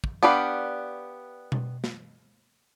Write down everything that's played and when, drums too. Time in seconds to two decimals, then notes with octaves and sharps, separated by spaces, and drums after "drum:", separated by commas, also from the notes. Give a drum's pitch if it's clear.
0.04 drum: kick
0.23 B3 D4 G4 B4 F5
1.52 drum: tom B2
1.84 drum: snare